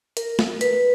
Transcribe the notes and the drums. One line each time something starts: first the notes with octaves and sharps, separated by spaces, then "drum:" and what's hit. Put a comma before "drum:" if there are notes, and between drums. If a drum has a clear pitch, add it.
A#4, drum: hi-hat
drum: snare
B4, drum: hi-hat